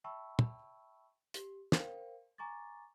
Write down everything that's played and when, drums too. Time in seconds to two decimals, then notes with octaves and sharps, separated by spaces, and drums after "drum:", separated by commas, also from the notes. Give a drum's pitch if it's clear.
0.04 E5 G5 A5 B5 C#6 E6
0.39 drum: tom
1.34 G4, drum: hi-hat
1.72 A#4 C5 F5 G5, drum: snare
2.38 G#5 A#5 C#6 D6 A6